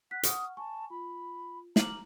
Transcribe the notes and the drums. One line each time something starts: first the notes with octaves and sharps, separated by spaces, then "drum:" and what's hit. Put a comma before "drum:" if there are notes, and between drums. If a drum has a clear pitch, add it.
F#5 F#6 B6
F#5 C#6 D#6 F6, drum: hi-hat
G#5 A5 C#6
F4 B5
A#5 D6 F6 F#7, drum: snare